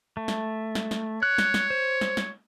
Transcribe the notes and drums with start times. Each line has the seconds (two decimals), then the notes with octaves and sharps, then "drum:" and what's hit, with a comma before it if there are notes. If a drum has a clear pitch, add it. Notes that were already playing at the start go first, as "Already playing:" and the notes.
0.17 A3
0.28 drum: snare
0.75 drum: snare
0.91 drum: snare
1.23 C#5 F#6
1.38 drum: snare
1.54 drum: snare
1.70 C5
2.01 drum: snare
2.17 drum: snare